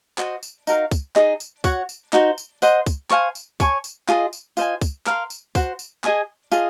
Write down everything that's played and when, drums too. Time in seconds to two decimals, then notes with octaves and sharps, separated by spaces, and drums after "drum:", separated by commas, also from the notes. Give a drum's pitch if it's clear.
0.18 F#4 C5 D#5, drum: clap
0.43 drum: tambourine
0.67 D#4 F#4 A#4 F5, drum: tambourine
0.91 drum: kick, tambourine
1.16 D#4 G#4 D#5, drum: clap
1.40 drum: tambourine
1.64 F#4 C#5 F#5, drum: kick, tambourine
1.89 drum: tambourine
2.13 D#4 F#4 C5, drum: clap
2.38 drum: tambourine
2.62 C5 D#5 F#5 C6, drum: tambourine
2.86 drum: kick, tambourine
3.10 C5 F5 G#5 C#6, drum: clap
3.35 drum: tambourine
3.60 C#5 G#5 C#6, drum: kick, tambourine
3.84 drum: tambourine
4.08 F4 G#4 D#5, drum: clap
4.33 drum: tambourine
4.57 F4 C5 D#5 G#5, drum: tambourine
4.81 drum: kick, tambourine
5.06 A#4 F5 C6, drum: clap
5.30 drum: tambourine
5.55 F#4 C5 F#5, drum: kick, tambourine
5.79 drum: tambourine
6.04 G#4 D#5 G#5 D#6, drum: clap
6.52 F4 G#4 D#5, drum: tambourine